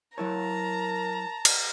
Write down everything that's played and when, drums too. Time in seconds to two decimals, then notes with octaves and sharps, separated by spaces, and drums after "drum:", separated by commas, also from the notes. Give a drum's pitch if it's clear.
0.18 F#3 E4 A#4 C#5 A5 A#5
1.45 drum: cymbal